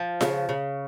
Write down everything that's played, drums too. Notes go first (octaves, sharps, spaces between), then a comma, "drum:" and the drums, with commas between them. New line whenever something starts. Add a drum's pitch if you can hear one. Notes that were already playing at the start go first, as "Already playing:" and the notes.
Already playing: F3
C#3, drum: snare F4
C#3